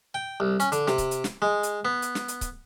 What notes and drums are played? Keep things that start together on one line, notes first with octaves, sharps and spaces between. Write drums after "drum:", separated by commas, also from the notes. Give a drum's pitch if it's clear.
G5
C2
C#4, drum: hi-hat
D3, drum: hi-hat
C3, drum: snare
drum: kick C#1, hi-hat
drum: hi-hat
drum: snare
G#3
drum: hi-hat
B3
drum: hi-hat
drum: snare
drum: hi-hat
drum: kick C#1, hi-hat